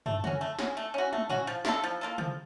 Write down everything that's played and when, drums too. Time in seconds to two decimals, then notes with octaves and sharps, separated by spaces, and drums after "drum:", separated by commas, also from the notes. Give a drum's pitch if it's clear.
0.06 A3, drum: tom
0.24 C#4 F#4, drum: tom
0.41 A3
0.59 C#4 F#4, drum: snare
0.77 A3
0.94 C#4 F#4
1.13 A3, drum: tom
1.30 C#4 F#4, drum: tom A2
1.47 F3
1.65 A#3 F4 A4, drum: snare
1.84 F3
2.01 A#3 F4 A4
2.18 F3, drum: tom